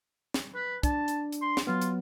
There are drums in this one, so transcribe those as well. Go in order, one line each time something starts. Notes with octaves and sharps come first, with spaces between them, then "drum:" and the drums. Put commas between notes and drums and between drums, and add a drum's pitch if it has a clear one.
drum: snare
B4
D4 A5, drum: kick, hi-hat
drum: hi-hat
drum: hi-hat
C6
drum: snare
F#3 B3 F4
drum: hi-hat